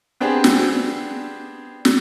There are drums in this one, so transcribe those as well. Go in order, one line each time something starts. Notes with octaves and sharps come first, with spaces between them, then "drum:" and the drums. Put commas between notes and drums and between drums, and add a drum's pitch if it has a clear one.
B3 C4 D4 G4 G#4
drum: snare
drum: snare